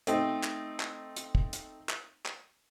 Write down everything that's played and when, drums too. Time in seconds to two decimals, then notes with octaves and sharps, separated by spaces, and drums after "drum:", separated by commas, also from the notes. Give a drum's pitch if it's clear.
0.07 A3 C4 D#4, drum: hi-hat
0.44 drum: clap
0.80 drum: clap
1.16 drum: hi-hat
1.35 drum: kick
1.53 drum: hi-hat
1.89 drum: clap
2.26 drum: clap